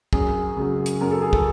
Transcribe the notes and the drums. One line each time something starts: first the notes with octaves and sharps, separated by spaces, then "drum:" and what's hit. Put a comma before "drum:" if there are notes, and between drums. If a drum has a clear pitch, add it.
F#2 G#4, drum: kick
C#3 F#3
drum: hi-hat
F#2 A#4
A4
G#4
A4, drum: kick